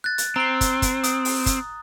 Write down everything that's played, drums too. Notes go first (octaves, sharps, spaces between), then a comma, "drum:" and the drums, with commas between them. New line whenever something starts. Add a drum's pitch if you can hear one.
F#6 A6
drum: hi-hat
C4 A#5 G7
drum: kick, hi-hat
drum: kick, hi-hat
D#6, drum: hi-hat
drum: open hi-hat
drum: kick, hi-hat